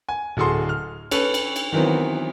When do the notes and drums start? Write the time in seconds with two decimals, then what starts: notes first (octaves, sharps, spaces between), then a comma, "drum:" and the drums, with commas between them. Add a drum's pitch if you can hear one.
0.09 G#5
0.37 D1 F#4 G#4 A4 C6
0.69 F6
1.11 C#4 A4 B4, drum: cymbal
1.34 drum: cymbal
1.56 drum: cymbal
1.72 D#3 E3 F#3 B3 C4